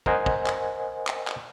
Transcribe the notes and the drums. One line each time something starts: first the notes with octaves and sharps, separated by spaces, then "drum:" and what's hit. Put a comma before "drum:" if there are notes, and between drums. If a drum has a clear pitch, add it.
A#4 C5 D#5 F#5 G#5, drum: kick
drum: kick
drum: clap
drum: clap
drum: clap